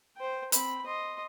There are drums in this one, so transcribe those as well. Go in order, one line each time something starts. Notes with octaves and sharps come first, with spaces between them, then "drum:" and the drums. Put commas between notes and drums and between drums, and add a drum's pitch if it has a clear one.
C5 G5
C4 B5, drum: hi-hat
D#5 C6